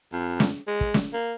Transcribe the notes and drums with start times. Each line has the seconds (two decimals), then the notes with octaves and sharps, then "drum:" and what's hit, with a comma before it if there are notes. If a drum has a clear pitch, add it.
0.13 F2
0.40 drum: snare
0.67 G#3
0.81 drum: kick
0.94 drum: snare
1.13 A#3